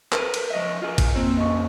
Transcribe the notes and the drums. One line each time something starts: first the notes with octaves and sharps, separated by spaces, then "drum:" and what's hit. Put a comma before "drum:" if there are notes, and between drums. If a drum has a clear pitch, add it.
A#4 B4, drum: clap
drum: cymbal
F3 D#5 E5
F4 G#4
drum: kick, cymbal
F2 A#3 C4
A#2 C#3 D#5 C#6